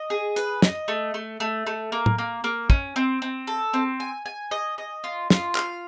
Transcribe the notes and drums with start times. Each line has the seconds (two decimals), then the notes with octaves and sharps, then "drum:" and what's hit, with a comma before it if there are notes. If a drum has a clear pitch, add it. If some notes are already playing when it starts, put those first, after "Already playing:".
Already playing: D#5
0.10 G#4
0.36 B4, drum: hi-hat
0.62 D#5, drum: snare
0.88 A3
1.14 A3
1.40 A3
1.67 A3
1.92 A#3
2.06 drum: tom
2.18 A#3
2.44 A#3
2.70 C#4, drum: kick
2.96 C4
3.22 C4
3.47 A4
3.73 C4
4.00 G#5
4.26 G#5
4.51 D#5
4.78 D#5
5.04 F4
5.30 F4, drum: snare
5.55 F5, drum: clap